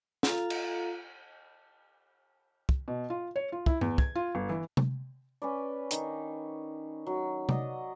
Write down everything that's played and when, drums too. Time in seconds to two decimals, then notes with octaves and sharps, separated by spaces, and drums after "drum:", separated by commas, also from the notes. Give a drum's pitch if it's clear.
0.23 F4 A4 F5 A#5, drum: snare
0.50 drum: cymbal
2.69 drum: kick
2.88 B2
3.10 F4
3.36 C#5
3.52 F4
3.66 E4, drum: kick
3.81 E2, drum: tom G2
3.98 G#6, drum: kick
4.15 F4
4.35 G1
4.49 E3
4.77 drum: tom C3
5.42 C#4 B4 D5
5.91 D#3 D#4, drum: hi-hat
7.07 F#3
7.49 D5 D#5 F#5, drum: tom C3